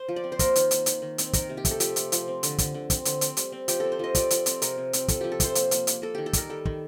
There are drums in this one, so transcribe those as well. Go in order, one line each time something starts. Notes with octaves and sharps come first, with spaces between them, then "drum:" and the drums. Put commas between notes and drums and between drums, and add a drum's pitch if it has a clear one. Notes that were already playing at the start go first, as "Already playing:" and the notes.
Already playing: C5
F3
D5
C4
C5
A#3 A#4, drum: kick, hi-hat
D#3, drum: hi-hat
A#3, drum: hi-hat
D#3, drum: hi-hat
D#3
C4, drum: hi-hat
D#3 A#4, drum: kick, hi-hat
C3
G4
A3, drum: kick, hi-hat
A4
F3 G4, drum: hi-hat
A3, drum: hi-hat
F3, drum: hi-hat
C4
D3, drum: hi-hat
D3, drum: kick, hi-hat
D3
C4, drum: kick, hi-hat
D3, drum: hi-hat
C4, drum: hi-hat
G3, drum: hi-hat
C4
F3 G4, drum: hi-hat
C4 A4
C5
F3 D#5
F3 D5, drum: kick, hi-hat
F3, drum: hi-hat
C4, drum: hi-hat
C3 A#4, drum: hi-hat
C3
C4, drum: hi-hat
F3 A4, drum: kick, hi-hat
F3 G4
A4
C3 C5, drum: kick, hi-hat
A#3, drum: hi-hat
A#3, drum: hi-hat
A#3, drum: hi-hat
A#3 A4
D#3 G4
A4
G3 A#4, drum: kick, hi-hat
G3 A4
D#3, drum: kick